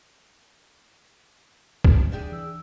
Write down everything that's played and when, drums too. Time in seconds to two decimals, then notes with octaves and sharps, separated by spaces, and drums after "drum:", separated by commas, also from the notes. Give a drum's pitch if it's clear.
1.84 F#2, drum: kick
2.12 D4 G4 G#4
2.32 E3 E6